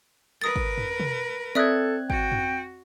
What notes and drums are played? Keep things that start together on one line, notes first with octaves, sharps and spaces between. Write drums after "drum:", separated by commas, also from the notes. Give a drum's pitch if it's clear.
A#4 B4 D#6 A6
drum: kick G#1
drum: tom
drum: tom
C4 A4 D5 E5 D#6 F#6 G#6
F#4 G5, drum: kick G#1
drum: tom